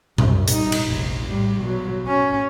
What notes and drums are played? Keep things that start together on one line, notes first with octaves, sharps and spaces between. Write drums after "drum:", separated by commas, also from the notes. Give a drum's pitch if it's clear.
C2 F#2, drum: tom A#2
G3 D#4, drum: hi-hat
drum: cymbal
F1 A#1
A2 G3
B2 F#3
C#4